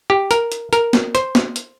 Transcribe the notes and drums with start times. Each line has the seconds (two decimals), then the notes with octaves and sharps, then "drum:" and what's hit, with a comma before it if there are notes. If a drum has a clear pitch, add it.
0.10 G4
0.31 A#4, drum: hi-hat
0.52 drum: hi-hat
0.73 A#4, drum: hi-hat
0.93 drum: snare
1.15 C5, drum: hi-hat
1.35 drum: snare
1.56 drum: hi-hat